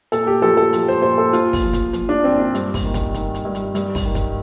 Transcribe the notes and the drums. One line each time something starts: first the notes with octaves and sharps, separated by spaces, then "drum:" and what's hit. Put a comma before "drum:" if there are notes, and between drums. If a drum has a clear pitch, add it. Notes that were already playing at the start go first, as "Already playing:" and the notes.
A#2 A4, drum: hi-hat
G4
F3 A4
A4
F3, drum: hi-hat
C5
A#2 C5
A4
A#2 F4, drum: hi-hat
drum: kick, open hi-hat
F3
drum: kick, hi-hat
F3, drum: hi-hat
D4
A#2 C4
D4
G2, drum: hi-hat
drum: kick, open hi-hat
D#3
drum: kick, hi-hat
D#3, drum: hi-hat
drum: hi-hat
G2
drum: hi-hat
G2, drum: hi-hat
drum: kick, open hi-hat
D#3
drum: kick, hi-hat